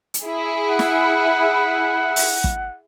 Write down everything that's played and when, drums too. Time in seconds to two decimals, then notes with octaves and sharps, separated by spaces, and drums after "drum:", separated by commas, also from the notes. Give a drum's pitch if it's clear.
0.14 drum: hi-hat
0.23 E4 G#4
0.70 F#5
0.79 drum: snare
2.16 drum: open hi-hat
2.44 drum: kick